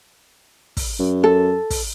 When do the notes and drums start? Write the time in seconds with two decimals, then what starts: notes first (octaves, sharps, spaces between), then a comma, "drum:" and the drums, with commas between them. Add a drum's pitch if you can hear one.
0.77 drum: kick, open hi-hat
0.99 F#2
1.24 A4
1.70 drum: kick, open hi-hat